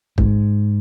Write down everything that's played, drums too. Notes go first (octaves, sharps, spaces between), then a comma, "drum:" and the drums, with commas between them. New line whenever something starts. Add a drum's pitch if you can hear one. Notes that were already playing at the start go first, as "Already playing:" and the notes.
G#2, drum: kick